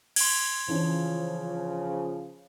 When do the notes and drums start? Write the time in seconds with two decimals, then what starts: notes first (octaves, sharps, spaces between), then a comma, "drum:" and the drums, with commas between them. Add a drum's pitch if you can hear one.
0.16 C6 G#6, drum: cymbal
0.68 C#3 E3 F3 C#4 D4